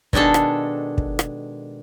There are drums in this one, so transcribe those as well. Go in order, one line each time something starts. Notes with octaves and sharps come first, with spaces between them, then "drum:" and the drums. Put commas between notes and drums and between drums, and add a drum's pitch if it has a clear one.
B2 D#3 G#3 D4 A4, drum: kick
drum: rim click
drum: kick
drum: rim click